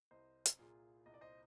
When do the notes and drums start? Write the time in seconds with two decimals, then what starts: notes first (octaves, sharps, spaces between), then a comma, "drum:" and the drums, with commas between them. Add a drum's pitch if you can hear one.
0.11 C2 C5 D#5
0.46 drum: hi-hat
0.59 A#2 F4 G#4
1.06 C2 D#5
1.14 D5
1.21 C5 D#5